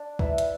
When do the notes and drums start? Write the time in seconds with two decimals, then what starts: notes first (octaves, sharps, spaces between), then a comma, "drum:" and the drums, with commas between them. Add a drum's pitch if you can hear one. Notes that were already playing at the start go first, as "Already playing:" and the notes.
Already playing: D4
0.19 E4 B4 E5, drum: kick
0.38 drum: hi-hat